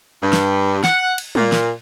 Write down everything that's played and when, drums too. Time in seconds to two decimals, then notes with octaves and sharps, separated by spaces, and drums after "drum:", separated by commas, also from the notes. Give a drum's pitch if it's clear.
0.22 G2
0.33 drum: snare
0.84 F#5, drum: snare
1.18 drum: cymbal
1.35 A#2, drum: tom
1.52 drum: snare